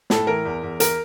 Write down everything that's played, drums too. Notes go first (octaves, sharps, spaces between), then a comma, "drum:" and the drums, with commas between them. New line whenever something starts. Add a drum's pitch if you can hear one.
A2 A4, drum: snare
E3 A#4
E2
E2
A#4, drum: hi-hat